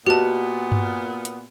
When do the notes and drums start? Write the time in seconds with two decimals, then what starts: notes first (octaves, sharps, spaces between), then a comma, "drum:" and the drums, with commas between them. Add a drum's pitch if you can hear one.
0.06 A#2 B3 F#4 G4 D#5 A5
0.72 drum: tom G2
1.25 drum: hi-hat